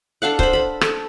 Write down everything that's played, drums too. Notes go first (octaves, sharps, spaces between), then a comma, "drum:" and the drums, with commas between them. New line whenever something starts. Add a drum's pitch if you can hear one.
D4 A4 F5 F#5
C5 B5, drum: kick C#1
A4 B5
A4, drum: rim click